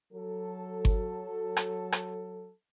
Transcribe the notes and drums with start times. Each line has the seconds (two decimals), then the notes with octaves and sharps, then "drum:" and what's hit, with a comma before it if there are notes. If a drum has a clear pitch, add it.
0.13 F#3 A4
0.85 drum: kick G1
1.57 drum: rim click
1.92 drum: rim click